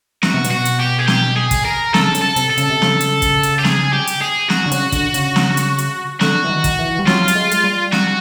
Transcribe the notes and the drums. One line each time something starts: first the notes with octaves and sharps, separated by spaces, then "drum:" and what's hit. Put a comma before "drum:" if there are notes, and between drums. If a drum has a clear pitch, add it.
B2 F#4, drum: snare
C3
B2, drum: hi-hat
F#4
drum: hi-hat
G4
G#4
G4, drum: snare
G#4
drum: kick, hi-hat
A#4
C#3 A4, drum: snare
C#3, drum: hi-hat
A4
C3, drum: hi-hat
A4
C#3, drum: hi-hat
C3
C#3, drum: snare
drum: hi-hat
drum: kick, hi-hat
drum: hi-hat
G4
G#4, drum: snare
G4
drum: hi-hat
G#4
F#4, drum: snare
D3
C#3, drum: hi-hat
D3, drum: kick, hi-hat
C#3, drum: hi-hat
drum: snare
drum: hi-hat
drum: hi-hat
D3 F#4, drum: snare
E3
D#3
drum: kick, hi-hat
E3
G3
F#3 F4, drum: snare
G3, drum: hi-hat
G#3
G#3, drum: hi-hat
G3
F#4, drum: snare